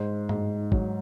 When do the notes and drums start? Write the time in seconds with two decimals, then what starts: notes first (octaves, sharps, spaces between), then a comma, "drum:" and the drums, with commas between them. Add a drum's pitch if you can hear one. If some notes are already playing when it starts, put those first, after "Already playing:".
Already playing: G#2 C5
0.29 G#2, drum: tom G2
0.72 F#3, drum: kick